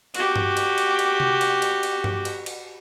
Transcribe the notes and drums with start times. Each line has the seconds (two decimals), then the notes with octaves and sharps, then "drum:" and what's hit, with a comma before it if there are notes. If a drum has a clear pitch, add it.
0.14 F#4 G4, drum: cymbal
0.36 drum: tom G2
0.57 drum: cymbal
0.78 drum: cymbal
0.99 drum: cymbal
1.20 drum: tom C3
1.41 drum: cymbal
1.62 drum: cymbal
1.83 drum: cymbal
2.04 drum: tom G2
2.25 drum: cymbal
2.46 drum: cymbal